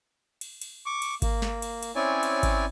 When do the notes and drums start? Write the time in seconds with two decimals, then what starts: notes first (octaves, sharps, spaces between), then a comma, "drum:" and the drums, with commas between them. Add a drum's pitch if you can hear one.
0.41 drum: cymbal
0.61 drum: cymbal
0.86 C#6 D6
1.02 drum: cymbal
1.22 A#3, drum: kick G#1, cymbal
1.42 drum: snare
1.62 drum: cymbal
1.83 drum: cymbal
1.96 C4 C#4 E4 C#5 D5 G#5
2.23 drum: cymbal
2.43 drum: kick G#1, cymbal